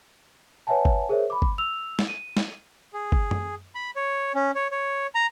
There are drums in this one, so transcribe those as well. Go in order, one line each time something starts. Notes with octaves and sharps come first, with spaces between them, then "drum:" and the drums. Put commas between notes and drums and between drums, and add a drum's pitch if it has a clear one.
B4 C#5 E5 F#5 G#5 A5
drum: kick G1
G#4 A#4 C5 C#5 E5
B5 D6
drum: kick G1
E6 F7
drum: snare
D#7
drum: snare
G#4
drum: kick G1
drum: tom F#2
B5
C#5
C#4
C#5
C#5
A#5